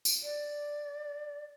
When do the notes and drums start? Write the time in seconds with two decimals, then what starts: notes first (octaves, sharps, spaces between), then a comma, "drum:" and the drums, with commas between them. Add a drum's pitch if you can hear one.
0.05 drum: tambourine
0.23 D5